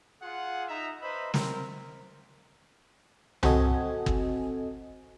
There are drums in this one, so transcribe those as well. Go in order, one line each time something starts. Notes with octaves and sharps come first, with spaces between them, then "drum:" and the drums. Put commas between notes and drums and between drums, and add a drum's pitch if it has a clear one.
F4 G#4 F#5
D#4 E5 A#5
B4 C5 D#5 E5 A#5 B5
C4 A#4, drum: snare
C4 F#4 A4 D#5 G#5, drum: tom C2
drum: kick